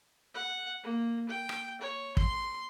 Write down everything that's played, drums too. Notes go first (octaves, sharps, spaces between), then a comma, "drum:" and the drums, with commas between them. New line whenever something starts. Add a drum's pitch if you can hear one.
F#5
A#3
G5
drum: rim click
C#5
C6, drum: kick